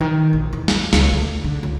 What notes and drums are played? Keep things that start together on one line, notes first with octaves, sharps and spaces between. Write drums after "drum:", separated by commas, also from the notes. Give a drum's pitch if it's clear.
D#3
A#1
E2
drum: snare
C#2, drum: snare
D2
D3
C#2